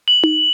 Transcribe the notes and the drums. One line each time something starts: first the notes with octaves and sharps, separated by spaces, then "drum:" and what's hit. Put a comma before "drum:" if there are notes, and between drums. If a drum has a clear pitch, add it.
F#7
drum: tom D#4